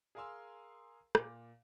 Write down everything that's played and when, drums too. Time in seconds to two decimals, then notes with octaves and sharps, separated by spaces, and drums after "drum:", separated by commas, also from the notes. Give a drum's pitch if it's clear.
0.15 G#4 A#4 F5 G#5 C6 E6
1.15 A#2 D6, drum: rim click